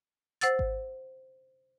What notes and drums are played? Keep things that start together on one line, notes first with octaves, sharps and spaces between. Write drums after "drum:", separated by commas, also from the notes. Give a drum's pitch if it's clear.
C5 F#5 E6 A6, drum: hi-hat
drum: kick G#1